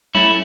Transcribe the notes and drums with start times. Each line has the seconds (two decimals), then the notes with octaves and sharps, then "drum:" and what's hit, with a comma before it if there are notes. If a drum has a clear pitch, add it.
0.15 A3 C#4 E4, drum: tom F#3